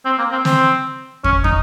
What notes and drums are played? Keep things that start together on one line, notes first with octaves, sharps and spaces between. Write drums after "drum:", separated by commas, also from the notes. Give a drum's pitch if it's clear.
C4
A#3
C4
C4, drum: snare
C#4, drum: kick
D#4, drum: kick